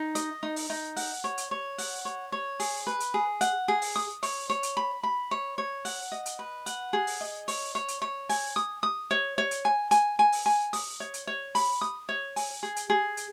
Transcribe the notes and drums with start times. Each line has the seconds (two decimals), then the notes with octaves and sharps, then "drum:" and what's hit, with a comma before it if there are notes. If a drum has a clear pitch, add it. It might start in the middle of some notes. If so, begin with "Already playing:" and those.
Already playing: D#4
0.15 D#5, drum: hi-hat
0.43 D#4
0.56 drum: open hi-hat
0.70 D#4
0.96 F#5, drum: open hi-hat
1.24 C#5
1.38 drum: hi-hat
1.51 C#5
1.78 F#5, drum: open hi-hat
2.05 C#5
2.32 C#5
2.60 G#4, drum: open hi-hat
2.87 B4
3.00 drum: hi-hat
3.14 G#4
3.41 F#5, drum: hi-hat
3.68 G#4
3.82 drum: open hi-hat
3.96 D#6
4.23 C#5, drum: open hi-hat
4.50 C#5
4.63 drum: hi-hat
4.77 B5
5.03 B5
5.31 C#5
5.58 C#5
5.85 F#5, drum: open hi-hat
6.12 D#5
6.26 drum: hi-hat
6.39 B4
6.66 F#5, drum: hi-hat
6.93 G#4
7.07 drum: open hi-hat
7.21 D#5
7.48 C#5, drum: open hi-hat
7.75 C#5
7.88 drum: hi-hat
8.02 C#5
8.29 G#5, drum: open hi-hat
8.56 D#6
8.83 D#6
9.11 C#5
9.38 C#5
9.51 drum: hi-hat
9.65 G#5
9.91 G#5, drum: hi-hat
10.19 G#5
10.32 drum: open hi-hat
10.46 G#5
10.73 D#6, drum: open hi-hat
11.00 C#5
11.14 drum: hi-hat
11.27 C#5
11.55 B5, drum: open hi-hat
11.81 D#6
12.09 C#5
12.36 G#5, drum: open hi-hat
12.63 G#4
12.76 drum: hi-hat
12.90 G#4
13.17 drum: hi-hat